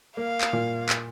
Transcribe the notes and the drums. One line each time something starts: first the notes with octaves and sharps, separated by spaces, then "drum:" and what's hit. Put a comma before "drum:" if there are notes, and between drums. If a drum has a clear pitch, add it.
A#3 F5
drum: clap
A#2
drum: clap